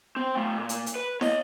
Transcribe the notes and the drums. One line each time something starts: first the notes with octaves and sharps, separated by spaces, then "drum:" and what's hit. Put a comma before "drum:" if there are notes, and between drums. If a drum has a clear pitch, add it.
C4 G5
A3 F4
A#2
drum: hi-hat
drum: hi-hat
B4
C#5 D#5, drum: snare